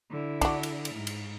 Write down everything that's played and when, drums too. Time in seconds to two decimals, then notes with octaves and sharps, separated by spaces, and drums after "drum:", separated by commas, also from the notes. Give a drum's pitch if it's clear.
0.10 D3 E4
0.41 D4 F#4, drum: kick, cymbal
0.63 drum: cymbal
0.85 drum: cymbal
0.95 G#2
1.07 drum: cymbal